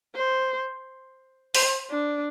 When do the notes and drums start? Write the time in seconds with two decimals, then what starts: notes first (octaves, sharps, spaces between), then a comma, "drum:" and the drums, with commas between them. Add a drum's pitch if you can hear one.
0.15 C5
1.55 C5, drum: open hi-hat
1.90 D4